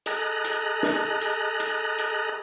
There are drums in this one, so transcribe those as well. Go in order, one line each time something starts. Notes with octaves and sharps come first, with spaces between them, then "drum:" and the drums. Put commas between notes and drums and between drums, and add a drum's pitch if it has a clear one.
G#4 A4 D#5 A#5 F#6, drum: hi-hat
drum: hi-hat
drum: snare
drum: hi-hat
drum: hi-hat
drum: hi-hat